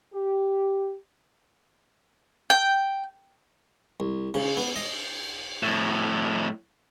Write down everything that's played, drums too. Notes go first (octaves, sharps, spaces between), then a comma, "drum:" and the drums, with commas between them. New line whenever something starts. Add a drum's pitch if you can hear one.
G4
G5
C2
C#3, drum: cymbal
B3
D#5
F2 A2